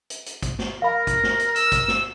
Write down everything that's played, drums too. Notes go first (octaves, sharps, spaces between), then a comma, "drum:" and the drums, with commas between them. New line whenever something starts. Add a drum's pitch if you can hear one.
drum: hi-hat
drum: hi-hat
drum: kick, hi-hat
drum: snare
A#4 F5 A#5 B5
drum: kick, hi-hat
drum: snare
drum: hi-hat
E6, drum: hi-hat
drum: kick, hi-hat
drum: snare